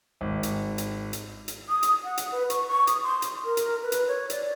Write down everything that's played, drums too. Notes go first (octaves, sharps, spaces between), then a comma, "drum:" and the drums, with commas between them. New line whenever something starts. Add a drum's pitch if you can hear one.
G#1
drum: hi-hat
drum: hi-hat
drum: hi-hat
drum: hi-hat
D#6
drum: hi-hat
F#5
drum: hi-hat
B4
C#6, drum: hi-hat
C#6
D#6, drum: hi-hat
C6
drum: hi-hat
A#4
drum: hi-hat
B4
drum: hi-hat
C#5
D5, drum: hi-hat